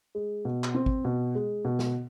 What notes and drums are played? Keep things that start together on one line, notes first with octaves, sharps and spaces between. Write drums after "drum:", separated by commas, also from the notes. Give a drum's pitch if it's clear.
G#3
B2
drum: clap
C4
drum: kick
B2
G#3
B2
drum: snare